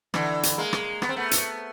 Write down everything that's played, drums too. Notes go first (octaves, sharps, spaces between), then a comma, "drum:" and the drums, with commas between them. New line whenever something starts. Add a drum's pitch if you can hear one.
D3 E3, drum: rim click
drum: hi-hat
G#3 A#3
drum: rim click
B3, drum: rim click
C4
A3 B3
drum: hi-hat